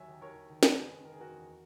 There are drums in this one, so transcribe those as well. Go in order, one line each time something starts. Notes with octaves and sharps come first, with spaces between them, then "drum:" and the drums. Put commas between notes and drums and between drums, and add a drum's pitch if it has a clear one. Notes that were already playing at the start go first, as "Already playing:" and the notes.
Already playing: D#2 F#3 E5 G#5
D#3
D#2 A#4 C#5
D#2
D#3
G#3 G#4 B4, drum: snare
F#1
F#1
D#3 A#4
G#4
F#1 F#4 A#4
E2